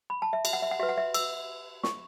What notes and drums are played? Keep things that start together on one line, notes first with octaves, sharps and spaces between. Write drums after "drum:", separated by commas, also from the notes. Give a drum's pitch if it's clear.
B5
A5
E5
E5, drum: cymbal
F#5
E5
F#5
F#4 B4 E5
F#5
E5
E6, drum: cymbal
C#6, drum: snare